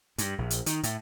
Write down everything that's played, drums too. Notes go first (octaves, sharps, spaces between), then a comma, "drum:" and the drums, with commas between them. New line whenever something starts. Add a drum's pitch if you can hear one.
G2, drum: hi-hat
A#1
drum: hi-hat
D#3, drum: hi-hat
A2, drum: hi-hat